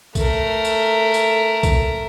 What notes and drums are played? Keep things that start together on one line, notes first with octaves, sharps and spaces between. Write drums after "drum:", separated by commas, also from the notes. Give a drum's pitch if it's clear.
A3 A#4, drum: kick B1, tambourine
drum: tambourine
drum: tambourine
drum: kick B1, tambourine